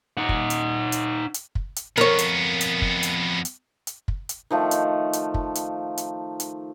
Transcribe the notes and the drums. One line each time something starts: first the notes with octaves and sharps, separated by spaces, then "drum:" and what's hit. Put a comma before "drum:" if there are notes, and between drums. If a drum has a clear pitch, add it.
D#4 F#5
drum: kick
drum: hi-hat
drum: hi-hat
drum: hi-hat
drum: kick
drum: hi-hat
F2 B3 A#4 C#5
drum: hi-hat
drum: hi-hat
drum: kick
drum: hi-hat
drum: hi-hat
drum: hi-hat
drum: kick
drum: hi-hat
D#3 F3 A3
drum: hi-hat
drum: hi-hat
drum: kick
drum: hi-hat
drum: hi-hat
drum: hi-hat